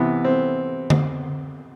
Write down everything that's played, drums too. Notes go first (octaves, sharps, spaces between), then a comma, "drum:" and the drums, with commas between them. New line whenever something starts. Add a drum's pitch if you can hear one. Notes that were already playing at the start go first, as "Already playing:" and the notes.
Already playing: C3 E3 B3
C4
drum: tom D3